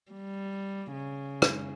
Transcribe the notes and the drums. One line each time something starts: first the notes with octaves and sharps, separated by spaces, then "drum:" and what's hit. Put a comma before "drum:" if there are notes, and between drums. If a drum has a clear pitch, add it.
G3
C#3
drum: rim click